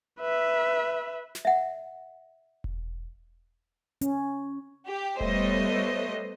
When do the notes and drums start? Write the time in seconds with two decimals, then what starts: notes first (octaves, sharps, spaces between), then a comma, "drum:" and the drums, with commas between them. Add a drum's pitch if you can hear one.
0.20 B4 E5
1.35 drum: snare
1.45 E5 F#5
2.64 drum: kick E1
4.01 C#4, drum: hi-hat
4.86 G4
5.20 G3 A3 B3 C5 C#5 D#5, drum: kick E1